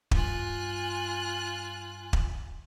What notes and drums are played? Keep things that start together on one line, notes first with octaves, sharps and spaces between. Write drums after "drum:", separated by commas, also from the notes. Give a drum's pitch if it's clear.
G2 F4 G#5 F#6, drum: kick
drum: kick